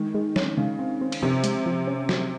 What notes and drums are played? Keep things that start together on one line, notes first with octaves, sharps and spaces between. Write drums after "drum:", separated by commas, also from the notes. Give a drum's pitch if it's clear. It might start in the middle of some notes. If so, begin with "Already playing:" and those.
Already playing: D#3 G#3
G#3
C#4, drum: snare
C#3 G#3
C4
C4
drum: cymbal
C3 F3
G#3, drum: hi-hat
F3
C#4
F#3, drum: snare